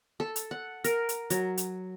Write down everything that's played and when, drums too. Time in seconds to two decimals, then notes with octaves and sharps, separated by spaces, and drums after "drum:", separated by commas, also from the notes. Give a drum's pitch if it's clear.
0.20 A4
0.36 drum: hi-hat
0.51 F#5
0.84 A#4, drum: hi-hat
1.09 drum: hi-hat
1.30 F#3, drum: hi-hat
1.57 drum: hi-hat